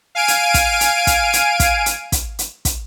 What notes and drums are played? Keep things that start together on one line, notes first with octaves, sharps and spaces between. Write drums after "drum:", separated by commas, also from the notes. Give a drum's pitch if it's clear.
F5 G#5 D7 D#7
drum: hi-hat
drum: kick, hi-hat
drum: hi-hat
drum: kick, hi-hat
drum: hi-hat
drum: kick, hi-hat
drum: hi-hat
drum: kick, hi-hat
drum: hi-hat
drum: kick, hi-hat